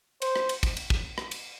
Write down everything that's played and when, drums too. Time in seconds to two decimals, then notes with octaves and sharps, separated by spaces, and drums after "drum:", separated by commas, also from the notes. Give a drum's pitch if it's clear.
0.22 C5, drum: cymbal
0.36 drum: rim click
0.49 drum: cymbal
0.63 drum: kick, cymbal
0.77 drum: cymbal
0.90 drum: kick
1.18 drum: rim click
1.31 drum: cymbal